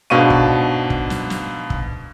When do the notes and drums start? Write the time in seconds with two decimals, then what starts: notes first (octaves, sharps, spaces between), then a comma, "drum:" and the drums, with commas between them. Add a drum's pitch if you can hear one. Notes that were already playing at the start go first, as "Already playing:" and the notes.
0.10 G#2 B2 D4 F5 C#6 D#7
0.30 drum: kick
0.90 drum: kick
1.10 drum: snare
1.30 drum: snare
1.70 drum: kick